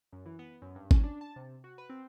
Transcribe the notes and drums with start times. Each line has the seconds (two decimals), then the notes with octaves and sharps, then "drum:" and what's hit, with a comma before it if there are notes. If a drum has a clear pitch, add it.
0.13 F#2
0.26 E3
0.39 B3
0.62 F#2
0.75 G2
0.91 C#4, drum: kick G#1
1.04 D4
1.21 A5
1.36 C3
1.64 F#4
1.78 B4
1.89 C4